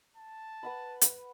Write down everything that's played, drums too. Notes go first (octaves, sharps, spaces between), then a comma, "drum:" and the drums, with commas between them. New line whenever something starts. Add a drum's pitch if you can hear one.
A5
B4 F#5 B5
drum: hi-hat